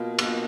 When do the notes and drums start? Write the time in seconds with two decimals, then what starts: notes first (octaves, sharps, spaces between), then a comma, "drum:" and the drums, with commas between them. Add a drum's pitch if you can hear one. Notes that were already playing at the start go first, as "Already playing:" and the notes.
Already playing: B2 A#3 F4
0.19 B2 A#3 F4, drum: cymbal